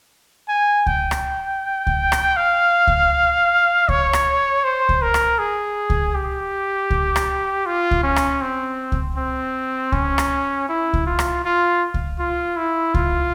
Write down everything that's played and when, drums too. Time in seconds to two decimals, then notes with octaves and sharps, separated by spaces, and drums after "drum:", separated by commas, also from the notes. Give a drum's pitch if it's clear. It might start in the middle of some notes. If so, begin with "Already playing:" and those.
0.49 G#5
0.86 G5, drum: kick C#2
1.11 drum: rim click
1.87 drum: kick C#2
2.12 drum: rim click
2.37 F5
2.87 drum: kick C#2
3.89 C#5, drum: kick C#2
4.13 drum: rim click
4.64 C5
4.89 drum: kick C#2
5.02 A#4
5.14 drum: rim click
5.39 G#4
5.90 drum: kick C#2
6.14 G4
6.90 drum: kick C#2
7.16 drum: rim click
7.66 F4
7.91 drum: kick C#2
8.03 C#4
8.16 drum: rim click
8.41 C4
8.92 drum: kick C#2
9.17 C4
9.92 C#4, drum: kick C#2
10.18 drum: rim click
10.69 E4
10.93 drum: kick C#2
11.06 F4
11.19 drum: rim click
11.44 F4
11.94 drum: kick C#2
12.19 F4
12.57 E4
12.94 F4, drum: kick C#2